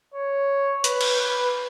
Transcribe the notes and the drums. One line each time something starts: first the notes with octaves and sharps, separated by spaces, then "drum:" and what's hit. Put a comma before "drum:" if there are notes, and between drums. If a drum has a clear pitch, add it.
C#5
B4, drum: hi-hat
drum: cymbal
B4